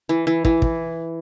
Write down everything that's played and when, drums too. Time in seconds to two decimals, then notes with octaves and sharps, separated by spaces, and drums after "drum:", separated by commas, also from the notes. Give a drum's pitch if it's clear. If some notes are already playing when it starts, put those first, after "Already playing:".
0.09 E3
0.27 E3
0.45 E3, drum: kick
0.62 drum: kick